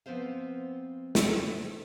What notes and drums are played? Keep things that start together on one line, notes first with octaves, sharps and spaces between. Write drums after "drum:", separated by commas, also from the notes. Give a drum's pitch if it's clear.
F3 B3 C4 C5 F5
drum: snare